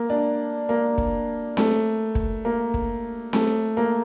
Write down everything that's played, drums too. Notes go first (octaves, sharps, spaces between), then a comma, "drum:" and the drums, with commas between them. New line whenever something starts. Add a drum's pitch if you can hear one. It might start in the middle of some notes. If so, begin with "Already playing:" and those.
Already playing: A#3
D4
A#3
drum: kick
A3, drum: snare C4
drum: kick
A#3
drum: kick
A3, drum: snare C4
A#3